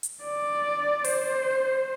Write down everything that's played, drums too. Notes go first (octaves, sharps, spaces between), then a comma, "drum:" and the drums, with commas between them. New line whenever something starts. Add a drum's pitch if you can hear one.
drum: hi-hat
D5
C5, drum: open hi-hat